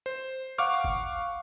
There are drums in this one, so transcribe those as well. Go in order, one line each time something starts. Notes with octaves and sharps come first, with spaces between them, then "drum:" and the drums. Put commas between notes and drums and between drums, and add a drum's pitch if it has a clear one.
C5
F5 F#5 C#6 D6 F6
drum: kick G#1